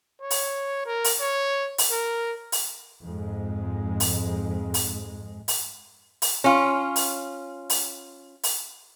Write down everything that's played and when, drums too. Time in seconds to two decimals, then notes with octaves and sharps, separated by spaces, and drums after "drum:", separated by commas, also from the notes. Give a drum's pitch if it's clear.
0.21 C#5
0.30 drum: open hi-hat
0.86 A#4
1.04 drum: open hi-hat
1.20 C#5
1.78 drum: open hi-hat
1.91 A#4
2.52 drum: open hi-hat
3.02 F2 G#2 G#3
4.00 drum: open hi-hat
4.74 drum: open hi-hat
5.48 drum: open hi-hat
6.22 drum: open hi-hat
6.44 C#4 F4
6.96 drum: open hi-hat
7.70 drum: open hi-hat
8.43 drum: open hi-hat